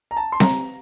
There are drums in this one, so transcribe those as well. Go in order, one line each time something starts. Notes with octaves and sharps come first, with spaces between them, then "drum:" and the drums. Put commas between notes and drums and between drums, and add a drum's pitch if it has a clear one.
A#5
A5
C6
A#5, drum: snare C4